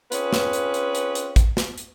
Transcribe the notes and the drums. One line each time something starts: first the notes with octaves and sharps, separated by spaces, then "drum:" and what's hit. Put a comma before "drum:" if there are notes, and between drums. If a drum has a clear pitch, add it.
C4 C#4 F4 G#4 B4, drum: hi-hat
drum: snare
drum: hi-hat
drum: hi-hat
drum: hi-hat
drum: hi-hat
drum: kick, hi-hat
drum: snare
drum: hi-hat